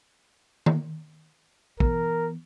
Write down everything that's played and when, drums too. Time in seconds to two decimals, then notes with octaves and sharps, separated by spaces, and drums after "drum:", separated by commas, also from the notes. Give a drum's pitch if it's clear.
0.66 drum: tom D#3
1.80 E3 B3 A#4, drum: kick